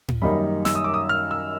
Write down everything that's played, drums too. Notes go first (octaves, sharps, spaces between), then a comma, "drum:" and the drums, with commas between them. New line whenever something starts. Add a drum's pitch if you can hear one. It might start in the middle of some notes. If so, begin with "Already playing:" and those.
drum: tom A2
F#2 D#3 G3 A#3 D#4 B5
E6, drum: snare
D#6
D6
D#6
F6
E6